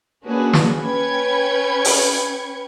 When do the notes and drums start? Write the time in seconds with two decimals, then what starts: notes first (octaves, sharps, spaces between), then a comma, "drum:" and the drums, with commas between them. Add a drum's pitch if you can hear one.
0.24 A#3 C#4 D4 F#4 G#4 B4
0.53 drum: snare
0.82 C#4 B4 G5 G#6 C#7
1.85 drum: open hi-hat